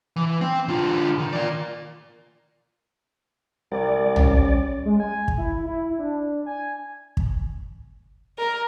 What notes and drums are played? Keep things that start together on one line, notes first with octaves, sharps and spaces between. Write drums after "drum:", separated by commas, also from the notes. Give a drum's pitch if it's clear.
E3
C4
D3 F4
D#3
A#4 D5
C2 G3 D5
C#4, drum: tom
G#3
G#5
drum: kick
E4
E4
D4
G#5
drum: kick
A#4